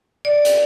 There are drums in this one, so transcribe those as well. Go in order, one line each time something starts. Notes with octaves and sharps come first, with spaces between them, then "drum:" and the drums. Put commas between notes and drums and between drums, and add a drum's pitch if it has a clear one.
D5
drum: hi-hat